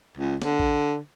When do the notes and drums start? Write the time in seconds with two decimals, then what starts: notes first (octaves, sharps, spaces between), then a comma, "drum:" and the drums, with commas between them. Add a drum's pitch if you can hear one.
0.17 C#2
0.42 D3, drum: snare
0.59 drum: kick A#1